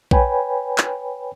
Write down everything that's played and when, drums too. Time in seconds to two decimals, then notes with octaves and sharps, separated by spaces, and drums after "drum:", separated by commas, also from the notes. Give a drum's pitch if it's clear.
0.11 B4 C#5 G5 G#5 B5, drum: kick A#1
0.78 drum: clap